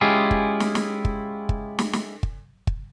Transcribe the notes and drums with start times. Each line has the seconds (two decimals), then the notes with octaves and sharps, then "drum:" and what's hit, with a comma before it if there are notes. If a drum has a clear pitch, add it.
0.01 G#3 C#4 E4 F4 G4 G#4
0.31 drum: kick
0.60 drum: snare
0.75 drum: snare
1.05 drum: kick
1.49 drum: kick
1.79 drum: snare
1.93 drum: snare
2.23 drum: kick
2.67 drum: kick